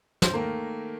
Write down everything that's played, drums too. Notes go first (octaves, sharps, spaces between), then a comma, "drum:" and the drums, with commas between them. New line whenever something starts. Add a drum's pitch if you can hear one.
C5, drum: snare
D#3 A3 A#3 A#4